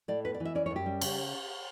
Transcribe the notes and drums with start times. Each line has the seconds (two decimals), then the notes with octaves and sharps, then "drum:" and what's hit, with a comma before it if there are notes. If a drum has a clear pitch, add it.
0.08 A2 D5
0.24 B3 B4
0.34 D5
0.40 E3
0.45 E5
0.55 C#4 D5
0.66 C#5
0.71 F#2
0.76 G4
0.86 G3
1.01 C#3, drum: cymbal